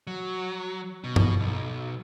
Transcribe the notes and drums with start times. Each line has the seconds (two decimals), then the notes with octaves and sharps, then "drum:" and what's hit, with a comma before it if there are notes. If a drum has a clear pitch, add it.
0.07 F#3
1.04 B2
1.16 drum: tom G2
1.40 B1